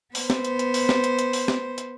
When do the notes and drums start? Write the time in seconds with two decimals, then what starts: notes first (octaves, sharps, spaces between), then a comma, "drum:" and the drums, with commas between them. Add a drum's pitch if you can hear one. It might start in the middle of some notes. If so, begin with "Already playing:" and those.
0.15 B3 C5, drum: open hi-hat
0.30 drum: snare
0.45 drum: hi-hat
0.59 drum: hi-hat
0.74 drum: open hi-hat
0.89 drum: snare
1.04 drum: hi-hat
1.19 drum: hi-hat
1.33 drum: open hi-hat
1.48 drum: snare
1.78 drum: hi-hat